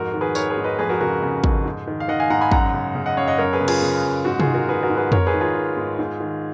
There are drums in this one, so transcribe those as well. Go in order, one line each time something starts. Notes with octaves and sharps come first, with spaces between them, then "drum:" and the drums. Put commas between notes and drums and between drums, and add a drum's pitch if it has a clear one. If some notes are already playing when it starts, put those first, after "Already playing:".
Already playing: F2 G#2 F#4 A#4
D#3
G#4 B4
D#3 A#4 C#5, drum: tambourine
G#4 B4
G#2
B4 D#5
F2 G#4 B4
F#4 A#4
C#3 F#4 A#4
C#3
F2, drum: kick
G#2
D#3
F5
D#3 D#5 F#5
F5 G#5
G#2 F#5 A#5
G#5 B5
F#2 F#5 A#5, drum: kick
C#3
C#3
D#5 F#5
F#2 C#5 F5
D#5 F#5
F#2 A#4 C#5
G#4 B4
C#3
F4 G#4, drum: cymbal
C#3
F#2
G#2 F#4
F4 G#4, drum: tom C3
D#3
F#4 A#4
D#3 G#4 B4
F#4 A#4
G#2
G#4 B4
G#2 A#4 C#5, drum: tom F2
G#4 B4
D#3
F4 G#4
D#3
G#2
G#2
D#3